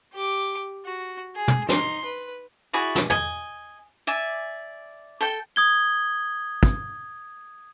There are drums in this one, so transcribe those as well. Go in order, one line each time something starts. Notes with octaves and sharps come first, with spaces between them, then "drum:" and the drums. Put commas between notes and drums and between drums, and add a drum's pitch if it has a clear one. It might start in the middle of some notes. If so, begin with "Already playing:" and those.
G4 D6
F#4
G#4
drum: tom
D#4 C6, drum: snare
B4
E4 F#4 G#4 D5
drum: snare
D#5 G#5, drum: tom
D5 E5 G#5
A4 G5
D#6 G#6 G7
drum: kick